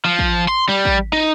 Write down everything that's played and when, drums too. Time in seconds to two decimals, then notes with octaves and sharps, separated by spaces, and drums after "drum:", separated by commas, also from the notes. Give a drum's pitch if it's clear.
0.05 F3
0.19 drum: kick
0.48 C6
0.69 G3
0.85 drum: kick
1.13 D#4